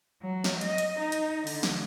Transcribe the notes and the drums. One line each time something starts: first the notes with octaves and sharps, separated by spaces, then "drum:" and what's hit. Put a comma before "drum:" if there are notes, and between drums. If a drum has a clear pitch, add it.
F#3
drum: snare
D#5, drum: hi-hat
drum: hi-hat
D#4
drum: hi-hat
D3, drum: open hi-hat
drum: snare